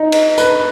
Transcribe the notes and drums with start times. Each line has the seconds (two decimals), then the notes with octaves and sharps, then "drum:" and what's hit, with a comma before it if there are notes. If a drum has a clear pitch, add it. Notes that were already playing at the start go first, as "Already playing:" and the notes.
Already playing: D#4
0.12 drum: cymbal
0.38 B4, drum: tambourine